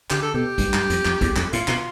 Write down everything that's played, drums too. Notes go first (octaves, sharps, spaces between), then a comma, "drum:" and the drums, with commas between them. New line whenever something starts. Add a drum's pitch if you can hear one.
D3 G4, drum: clap
A4
B2 G4
G2, drum: kick, hi-hat
G2, drum: clap
F2, drum: hi-hat
F2, drum: clap
E2, drum: kick, hi-hat
F2, drum: clap
A2 F4, drum: hi-hat
B2, drum: clap